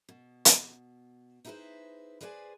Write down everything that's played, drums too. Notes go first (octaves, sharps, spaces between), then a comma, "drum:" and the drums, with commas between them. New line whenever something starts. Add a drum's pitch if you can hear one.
B2
drum: hi-hat
D#4 E4 G#4 A4 B4 C5
G#4 B4 C5 D5 F5 G#5